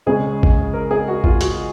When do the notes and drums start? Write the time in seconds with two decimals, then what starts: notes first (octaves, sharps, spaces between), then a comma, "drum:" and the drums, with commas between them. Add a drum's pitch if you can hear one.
0.06 C#2 C#3 G#3 C#4 G#4
0.43 drum: kick
0.74 A#4
0.91 G#4
1.08 F#4
1.24 F4, drum: kick
1.41 F#4, drum: hi-hat